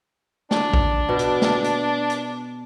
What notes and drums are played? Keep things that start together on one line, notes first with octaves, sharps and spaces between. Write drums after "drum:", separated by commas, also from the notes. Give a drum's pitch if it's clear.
D4, drum: snare
drum: kick A#1
B2
drum: hi-hat
drum: snare
drum: hi-hat
drum: hi-hat